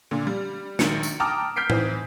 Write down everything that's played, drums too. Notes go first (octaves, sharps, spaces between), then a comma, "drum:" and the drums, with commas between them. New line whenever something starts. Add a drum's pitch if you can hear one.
A#2 D3
G3
A#1 D#3 F#3 G#3 C#7, drum: snare
drum: tambourine
G5 A5 A#5 D6 D#6 F6
F6 G6 B6 C7 D7
E3 C4 D#4, drum: tom A2